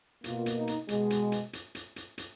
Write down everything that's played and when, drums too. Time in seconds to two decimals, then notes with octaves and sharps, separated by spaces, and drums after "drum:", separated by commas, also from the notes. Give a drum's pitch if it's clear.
0.24 B2 A#3 F4, drum: hi-hat
0.46 drum: hi-hat
0.56 D#4
0.67 drum: hi-hat
0.88 B2 G#3, drum: hi-hat
1.10 drum: hi-hat
1.32 drum: hi-hat
1.53 drum: hi-hat
1.75 drum: hi-hat
1.96 drum: hi-hat
2.18 drum: hi-hat